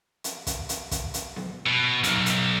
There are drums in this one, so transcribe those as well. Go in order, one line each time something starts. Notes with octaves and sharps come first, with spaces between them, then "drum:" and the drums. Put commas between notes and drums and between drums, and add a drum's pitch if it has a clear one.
drum: hi-hat
drum: kick, hi-hat
drum: hi-hat
drum: kick, hi-hat
drum: hi-hat
drum: snare B3
B2
B1, drum: hi-hat
drum: hi-hat